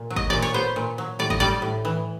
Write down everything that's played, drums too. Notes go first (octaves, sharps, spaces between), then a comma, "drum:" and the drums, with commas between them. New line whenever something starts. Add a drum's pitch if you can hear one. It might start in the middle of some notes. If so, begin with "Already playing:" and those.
Already playing: A#2
F#3
D#5, drum: kick G1
A#2 D5
C#5
B3 C5
A#2
F#3
A2 D5
D#5, drum: kick G1
G3 D5
A2
E3